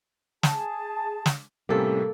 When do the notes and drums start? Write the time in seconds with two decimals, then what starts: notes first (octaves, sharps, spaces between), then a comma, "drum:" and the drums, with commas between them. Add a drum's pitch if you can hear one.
0.43 G#4 A5, drum: snare
1.26 drum: snare
1.69 A2 C3 G3 A#3 C#4 A4